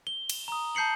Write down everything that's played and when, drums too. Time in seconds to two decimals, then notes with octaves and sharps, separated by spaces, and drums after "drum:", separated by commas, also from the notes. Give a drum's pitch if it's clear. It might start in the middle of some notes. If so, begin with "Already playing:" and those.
0.07 G7
0.30 drum: cymbal
0.48 A#5 D#6
0.75 A5 G6 C7 C#7 F#7